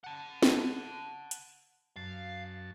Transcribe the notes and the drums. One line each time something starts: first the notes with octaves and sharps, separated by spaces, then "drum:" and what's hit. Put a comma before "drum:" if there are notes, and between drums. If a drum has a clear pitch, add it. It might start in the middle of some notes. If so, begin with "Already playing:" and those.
F#5 A5
drum: snare
drum: hi-hat
F#2 F5 A5